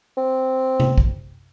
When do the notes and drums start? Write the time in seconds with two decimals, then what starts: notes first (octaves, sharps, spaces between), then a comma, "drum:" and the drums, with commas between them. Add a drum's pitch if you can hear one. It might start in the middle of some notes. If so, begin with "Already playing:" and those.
0.17 C4
0.80 drum: tom C3
0.98 drum: kick